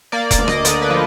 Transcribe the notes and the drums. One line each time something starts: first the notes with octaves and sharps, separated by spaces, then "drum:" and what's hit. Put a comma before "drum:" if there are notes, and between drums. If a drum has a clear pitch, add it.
A#3 D5
D5, drum: kick E1, hi-hat
D2
D#5, drum: rim click
D3 D5, drum: hi-hat
B4
F3